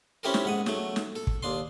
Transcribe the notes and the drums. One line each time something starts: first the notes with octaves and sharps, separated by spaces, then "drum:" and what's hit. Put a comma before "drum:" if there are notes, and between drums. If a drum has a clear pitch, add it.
C4 C#4 E4 G4 A4 A#4
drum: snare
G#2 F#5 D#6
F#3 A3, drum: snare
drum: snare
A4
drum: kick
D#2 D4 C6